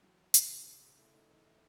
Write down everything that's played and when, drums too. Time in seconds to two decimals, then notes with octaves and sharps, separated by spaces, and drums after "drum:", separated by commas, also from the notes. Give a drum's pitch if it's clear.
0.02 E3 F#3 F#4
0.18 E3
0.34 C#3, drum: hi-hat
0.50 C#3
0.66 E3
0.82 C#3
0.98 A3 E4
1.14 A3 D#4
1.30 E3 D#4
1.46 A3 E4